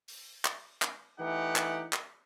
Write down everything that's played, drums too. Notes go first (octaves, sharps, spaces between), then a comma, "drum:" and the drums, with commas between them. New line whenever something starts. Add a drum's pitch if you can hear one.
drum: open hi-hat
drum: clap
drum: clap
E3 A3 D#4 G4 F#5
drum: clap
drum: clap